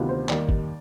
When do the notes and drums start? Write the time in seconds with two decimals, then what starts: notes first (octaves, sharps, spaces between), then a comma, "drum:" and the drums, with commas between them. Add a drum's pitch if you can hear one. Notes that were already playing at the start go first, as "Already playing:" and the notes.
Already playing: D2 C3 D#3 B3 F4
0.09 C5
0.29 D#2 D#3 G3 D5, drum: clap
0.49 drum: kick